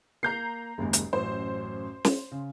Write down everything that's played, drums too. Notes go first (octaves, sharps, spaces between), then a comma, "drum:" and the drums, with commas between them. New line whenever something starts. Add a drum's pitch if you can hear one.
A#3 A#5 G6 C7
F#1 D#2 G#3
drum: hi-hat
A1 F#2 C5
drum: snare
C#3